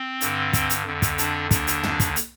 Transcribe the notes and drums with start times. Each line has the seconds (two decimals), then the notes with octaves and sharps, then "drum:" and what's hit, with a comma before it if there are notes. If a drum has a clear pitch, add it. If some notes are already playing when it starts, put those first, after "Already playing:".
Already playing: C4
0.21 G2 D3, drum: hi-hat
0.53 drum: kick, hi-hat
0.70 drum: hi-hat
0.86 F2 D3
1.02 drum: kick, hi-hat
1.18 D4, drum: hi-hat
1.51 D#2 D3 D4, drum: kick, hi-hat
1.67 drum: hi-hat
1.83 drum: tom
2.00 drum: kick, hi-hat
2.16 drum: hi-hat